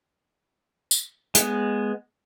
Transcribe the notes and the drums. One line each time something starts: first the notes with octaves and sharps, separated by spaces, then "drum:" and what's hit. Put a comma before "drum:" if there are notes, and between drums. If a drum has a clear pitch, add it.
drum: tambourine
G#3 B3, drum: hi-hat